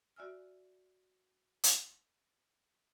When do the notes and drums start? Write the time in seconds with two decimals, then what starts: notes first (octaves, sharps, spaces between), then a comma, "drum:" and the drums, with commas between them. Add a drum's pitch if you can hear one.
0.16 F#4 D5 E5 G#5 E6 F6
1.64 drum: hi-hat